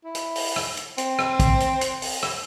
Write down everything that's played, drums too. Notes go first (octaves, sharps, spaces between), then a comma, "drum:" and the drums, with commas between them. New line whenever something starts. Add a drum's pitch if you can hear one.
E4
drum: hi-hat
drum: open hi-hat
drum: rim click
drum: hi-hat
C4, drum: hi-hat
drum: rim click
drum: kick, hi-hat
drum: hi-hat
drum: hi-hat
drum: open hi-hat
drum: rim click